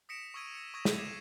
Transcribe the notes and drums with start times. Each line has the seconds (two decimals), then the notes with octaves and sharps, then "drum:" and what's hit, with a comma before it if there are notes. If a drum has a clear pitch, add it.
0.09 D#6 A#6 B6 C#7 D7 E7
0.34 C#6 D#6 E6 G#6 D#7
0.55 A#6 C#7
0.74 C#6 D#6 G#6 A#6 E7
0.85 A#6, drum: snare
0.98 D6 G#6 A#6 C7 D#7 E7